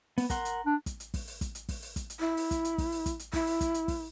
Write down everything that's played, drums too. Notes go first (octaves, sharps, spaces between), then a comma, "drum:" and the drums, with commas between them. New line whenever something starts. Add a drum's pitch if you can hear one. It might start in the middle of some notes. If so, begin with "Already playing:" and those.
B3, drum: open hi-hat
A#4 F#5 C6, drum: kick, hi-hat
drum: hi-hat
D4
drum: kick, hi-hat
drum: hi-hat
drum: kick, open hi-hat
drum: open hi-hat
drum: kick, hi-hat
drum: hi-hat
drum: kick, open hi-hat
drum: open hi-hat
drum: kick, hi-hat
drum: hi-hat
E4
drum: open hi-hat
drum: kick, hi-hat
drum: hi-hat
drum: kick, open hi-hat
drum: open hi-hat
drum: kick, hi-hat
drum: hi-hat
E4, drum: kick, open hi-hat
drum: open hi-hat
drum: kick, hi-hat
drum: hi-hat
drum: kick, open hi-hat